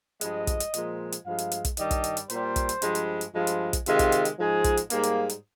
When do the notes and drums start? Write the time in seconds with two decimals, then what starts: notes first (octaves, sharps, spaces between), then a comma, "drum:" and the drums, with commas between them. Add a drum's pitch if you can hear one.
0.21 G2 F3 G#3 D#5, drum: hi-hat
0.47 drum: kick, hi-hat
0.60 drum: hi-hat
0.74 A#2 F3 G#3, drum: hi-hat
1.12 drum: hi-hat
1.25 G2 F3 G#3 F5
1.38 drum: hi-hat
1.52 drum: hi-hat
1.65 drum: kick, hi-hat
1.77 G2 D#3 G3 D#5, drum: hi-hat
1.91 drum: kick, hi-hat
2.04 drum: hi-hat
2.17 drum: hi-hat
2.30 A#2 G3 C5, drum: hi-hat
2.56 drum: kick, hi-hat
2.69 drum: hi-hat
2.82 G2 F3 G#3, drum: hi-hat
2.95 drum: hi-hat
3.21 drum: hi-hat
3.34 G2 F3 G#3 F4
3.47 drum: hi-hat
3.73 drum: kick, hi-hat
3.86 C3 D#3 G#3 F4, drum: hi-hat
3.99 drum: kick, hi-hat
4.12 drum: hi-hat
4.25 drum: hi-hat
4.38 G#2 F3 G#3 G#4
4.64 drum: kick, hi-hat
4.77 drum: hi-hat
4.90 G#2 G3 A#3, drum: hi-hat
5.03 drum: hi-hat
5.29 drum: hi-hat